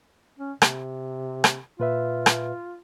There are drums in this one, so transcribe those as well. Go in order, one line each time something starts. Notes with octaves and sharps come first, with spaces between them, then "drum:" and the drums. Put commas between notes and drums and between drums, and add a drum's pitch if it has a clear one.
C#4
C3, drum: rim click
drum: rim click
A#2 F4 B4 E5
drum: rim click